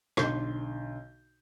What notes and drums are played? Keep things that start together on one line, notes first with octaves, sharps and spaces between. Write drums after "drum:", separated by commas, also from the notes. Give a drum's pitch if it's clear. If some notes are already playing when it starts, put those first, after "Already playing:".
B1 D3 C6 G6, drum: rim click